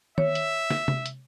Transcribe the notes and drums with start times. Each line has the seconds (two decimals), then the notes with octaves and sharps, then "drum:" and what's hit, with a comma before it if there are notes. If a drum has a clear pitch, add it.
0.18 C#5 E5, drum: tom D#3
0.35 drum: hi-hat
0.70 drum: snare
0.88 drum: tom C3
1.06 drum: hi-hat